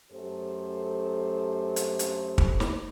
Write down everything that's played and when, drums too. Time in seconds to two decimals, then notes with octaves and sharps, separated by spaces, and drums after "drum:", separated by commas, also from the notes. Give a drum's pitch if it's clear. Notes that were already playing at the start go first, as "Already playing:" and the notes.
0.12 F#2 A3 G4 A4 C5
1.76 drum: hi-hat
1.99 drum: hi-hat
2.38 drum: kick
2.60 drum: snare